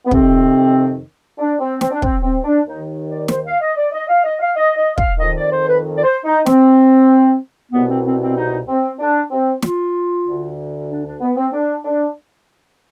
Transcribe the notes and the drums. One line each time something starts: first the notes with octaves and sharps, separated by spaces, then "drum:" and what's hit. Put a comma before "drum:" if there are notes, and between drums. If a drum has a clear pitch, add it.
B3
F2 C3 D#3 C4, drum: kick
D4
C4
C4, drum: snare
D4
C4, drum: kick
C4
D4
D#2 D#3 D#4
D5
C5, drum: snare
F5
D#5
D5
D#5
F5
D#5
F5
D#5
D#5
F5, drum: kick
F2 D#3 D#5
D5
C5
B4
D5
C5
D#4
C4, drum: snare
C2 B2 B3
C4
C4
C4
D#4
C4
D4
C4
F4, drum: snare
D2 D3
D4
D4
B3
C4
D4
D4